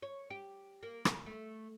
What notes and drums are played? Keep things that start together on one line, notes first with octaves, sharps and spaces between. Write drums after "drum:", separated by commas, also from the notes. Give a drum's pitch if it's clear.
C#5
G4
A#3
drum: rim click
A3